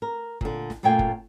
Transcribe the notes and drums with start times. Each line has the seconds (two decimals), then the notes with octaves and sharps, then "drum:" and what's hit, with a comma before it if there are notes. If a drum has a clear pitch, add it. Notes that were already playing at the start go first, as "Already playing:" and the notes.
0.02 A#4
0.41 A#2 D3, drum: kick
0.70 drum: snare
0.83 F#2 A#2 A3 F4 G5 G#5
0.99 drum: kick